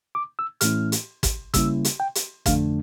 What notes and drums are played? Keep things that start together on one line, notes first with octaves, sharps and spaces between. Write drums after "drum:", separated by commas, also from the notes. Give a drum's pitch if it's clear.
D6
E6
A2 E3 A3 C#4 E4 F6, drum: hi-hat
drum: hi-hat
drum: kick, hi-hat
C#3 G3 A#3 C#4 E4 E6, drum: kick, hi-hat
drum: hi-hat
G5
drum: hi-hat
F2 D3 A3 D4 F5, drum: kick, hi-hat